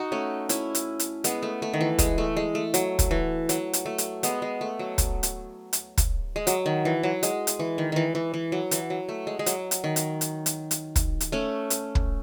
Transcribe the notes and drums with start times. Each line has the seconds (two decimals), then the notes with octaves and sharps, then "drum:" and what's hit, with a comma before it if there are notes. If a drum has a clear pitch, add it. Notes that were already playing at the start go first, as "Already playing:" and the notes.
Already playing: D#4 F#4
0.12 A3 C#4
0.49 C#4 E4, drum: hi-hat
0.75 drum: hi-hat
0.99 drum: hi-hat
1.24 G#3 B3, drum: hi-hat
1.43 A3
1.62 A3
1.74 D#3
1.81 E3
1.99 G#3, drum: kick, hi-hat
2.18 A3
2.37 G#3
2.55 A3
2.74 F#3, drum: hi-hat
2.99 drum: kick, hi-hat
3.11 E3
3.49 F#3, drum: hi-hat
3.73 drum: hi-hat
3.86 A3
3.98 drum: hi-hat
4.23 G#3 B3, drum: hi-hat
4.42 G#3
4.61 A3
4.79 F#3
4.98 drum: kick, hi-hat
5.23 drum: hi-hat
5.73 drum: hi-hat
5.98 drum: kick, hi-hat
6.36 G#3
6.47 F#3, drum: hi-hat
6.66 D#3
6.85 E3
7.03 F#3
7.23 G#3, drum: hi-hat
7.47 drum: hi-hat
7.59 E3
7.78 D#3
7.92 D#3 E3
8.15 E3
8.34 E3
8.52 F#3
8.71 E3, drum: hi-hat
8.90 F#3
9.09 A3
9.27 G#3
9.39 G#3
9.46 F#3, drum: hi-hat
9.71 drum: hi-hat
9.84 D#3
9.96 drum: hi-hat
10.21 drum: hi-hat
10.46 drum: hi-hat
10.71 drum: hi-hat
10.96 drum: kick, hi-hat
11.20 drum: hi-hat
11.32 A3 C#4
11.70 drum: hi-hat
11.95 drum: kick